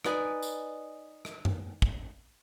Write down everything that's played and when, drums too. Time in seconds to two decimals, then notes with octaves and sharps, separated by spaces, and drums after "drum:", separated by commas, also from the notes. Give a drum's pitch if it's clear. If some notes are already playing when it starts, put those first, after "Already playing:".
0.05 D#4 B4 D5 G#5, drum: rim click
0.42 drum: tambourine
1.25 drum: rim click
1.45 drum: tom F#2
1.82 drum: kick